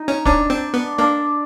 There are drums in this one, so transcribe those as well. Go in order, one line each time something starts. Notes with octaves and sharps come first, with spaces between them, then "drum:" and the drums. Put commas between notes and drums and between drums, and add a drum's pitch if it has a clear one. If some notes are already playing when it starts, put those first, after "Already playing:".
Already playing: D#4
C#4
C#4 D4, drum: kick
C4
B3
A#3 D4